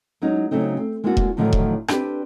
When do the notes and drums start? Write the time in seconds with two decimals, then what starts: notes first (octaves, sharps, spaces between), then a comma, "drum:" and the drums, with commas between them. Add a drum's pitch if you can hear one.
0.22 F#3 G#3 C#4 D#4
0.51 C#3 F#3 A3 C4 D#4
0.77 C4
1.04 G#3 A#3 C4 D4 F4 F#4
1.17 drum: kick E1
1.37 A2 D3 D#3 F3 F#3 A3
1.53 drum: kick E1
1.88 C4 D4 F4 G4 B4, drum: rim click